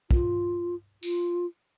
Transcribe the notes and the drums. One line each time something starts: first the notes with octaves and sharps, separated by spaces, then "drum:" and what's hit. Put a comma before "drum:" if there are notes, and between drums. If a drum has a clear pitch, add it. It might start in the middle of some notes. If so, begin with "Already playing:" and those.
F4, drum: kick
F4, drum: tambourine